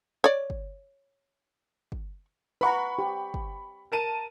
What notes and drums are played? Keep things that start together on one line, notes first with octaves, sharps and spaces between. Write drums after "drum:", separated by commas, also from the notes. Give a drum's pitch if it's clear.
C#5 D5
drum: kick
drum: kick
B4 F#5 A#5 B5 C#6
G4
drum: kick
A#4 A5 D#7